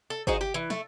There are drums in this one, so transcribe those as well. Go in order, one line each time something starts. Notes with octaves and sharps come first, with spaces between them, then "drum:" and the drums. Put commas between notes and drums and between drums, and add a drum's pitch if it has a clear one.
A4
D#4 F#4 G#4 C5, drum: kick G1
G4
E3
A3, drum: snare